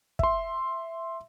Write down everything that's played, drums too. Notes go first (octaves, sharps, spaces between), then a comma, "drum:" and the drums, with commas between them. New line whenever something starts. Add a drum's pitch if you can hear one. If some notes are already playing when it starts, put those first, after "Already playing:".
E5 C6, drum: kick